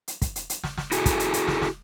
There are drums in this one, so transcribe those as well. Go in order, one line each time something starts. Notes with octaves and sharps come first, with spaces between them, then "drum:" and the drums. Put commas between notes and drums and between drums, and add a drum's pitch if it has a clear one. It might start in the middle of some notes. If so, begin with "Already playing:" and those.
drum: hi-hat
drum: kick, hi-hat
drum: hi-hat
drum: hi-hat
drum: snare
drum: snare
E4 F#4 G#4 A4, drum: hi-hat
drum: kick, hi-hat
drum: hi-hat
drum: hi-hat
drum: snare
drum: snare